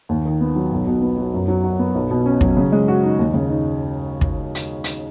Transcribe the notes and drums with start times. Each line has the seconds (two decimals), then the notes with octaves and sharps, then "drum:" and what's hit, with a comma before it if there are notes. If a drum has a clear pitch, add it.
0.09 D#2
0.25 D#3
0.41 B3
0.55 F#3
0.72 B1
0.87 B2
1.02 B3
1.18 F#3
1.34 F#2
1.48 F#3
1.63 F#4
1.79 B3
1.95 B1
2.11 B2
2.26 C#4
2.41 F#3, drum: kick
2.57 C#3
2.72 G#3
2.88 F#4
3.03 D#4
3.19 D#2
3.34 C#3
3.49 D#4
4.21 drum: kick
4.55 drum: hi-hat
4.84 drum: hi-hat